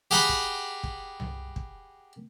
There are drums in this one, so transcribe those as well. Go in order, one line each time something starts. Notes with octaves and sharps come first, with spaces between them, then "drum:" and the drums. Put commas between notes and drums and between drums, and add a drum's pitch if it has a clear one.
G4 G#4 F#5 G5 A#5 B5
drum: kick
drum: kick
drum: tom C2
drum: kick